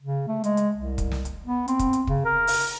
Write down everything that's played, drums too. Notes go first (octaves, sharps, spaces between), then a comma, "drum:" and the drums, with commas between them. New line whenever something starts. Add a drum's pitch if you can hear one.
C#3
A3
G#3, drum: hi-hat
drum: hi-hat
C2
drum: kick, hi-hat
drum: snare
drum: hi-hat
B3
C4, drum: hi-hat
drum: kick, hi-hat
drum: hi-hat
C#3, drum: kick
A#4
drum: open hi-hat
drum: hi-hat